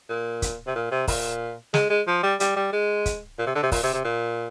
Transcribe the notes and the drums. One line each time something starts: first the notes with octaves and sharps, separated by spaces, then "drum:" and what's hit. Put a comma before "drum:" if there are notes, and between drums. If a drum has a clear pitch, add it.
A#2
drum: kick, hi-hat
C3
A#2
C3
A#2, drum: kick, open hi-hat
G#3, drum: snare
G#3
F3
G3
G3, drum: hi-hat
G3
G#3
drum: kick, hi-hat
A#2
C3
D3
C3
A#2, drum: kick, open hi-hat
C3
C3
A#2